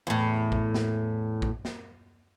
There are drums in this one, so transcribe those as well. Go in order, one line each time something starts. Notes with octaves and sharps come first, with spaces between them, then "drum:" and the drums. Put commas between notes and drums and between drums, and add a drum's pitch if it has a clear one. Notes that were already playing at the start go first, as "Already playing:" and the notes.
E2 A2
drum: kick A1
drum: snare
drum: kick A1
drum: snare